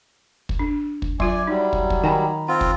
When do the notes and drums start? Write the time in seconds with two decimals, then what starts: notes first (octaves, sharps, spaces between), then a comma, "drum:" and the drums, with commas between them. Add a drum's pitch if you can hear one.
0.49 drum: kick
0.59 D4
1.02 drum: kick
1.20 F#3 F4 D5 E5 G#5 C6 D6, drum: kick
1.47 F#3 G3 D#4
1.73 drum: kick
1.90 drum: kick
2.04 D#3 G5 G#5 A#5 B5
2.48 C4 F4 F#5
2.61 drum: kick